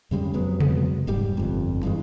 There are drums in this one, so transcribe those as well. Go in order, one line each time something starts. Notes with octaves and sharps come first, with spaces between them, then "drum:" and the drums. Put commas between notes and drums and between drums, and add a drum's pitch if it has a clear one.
F2 C#3 G3 G#3
F2 F#3 G#3 B3
drum: tom C3
F1 G#2 G3
G1 F2
G2 E3 G#3